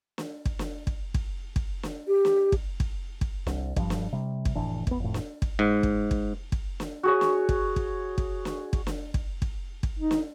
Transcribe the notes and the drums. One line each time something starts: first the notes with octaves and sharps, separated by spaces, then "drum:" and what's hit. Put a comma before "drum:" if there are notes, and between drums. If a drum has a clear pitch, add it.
drum: snare
drum: kick
drum: snare
drum: kick
drum: kick
drum: kick
drum: snare
G4
drum: snare
drum: kick
drum: kick
drum: kick
C2, drum: snare
G2 F3, drum: kick
drum: snare
C3 G3
drum: kick
F1 A2 E3 D4
E2 B3, drum: kick
F2 A2
drum: snare
drum: kick
G#2
drum: kick
drum: kick
drum: kick
drum: snare
F#4 G#4 C#5
drum: snare
drum: kick
drum: kick
drum: kick
drum: snare
drum: kick
drum: snare
drum: kick
drum: kick
drum: kick
D#4
drum: snare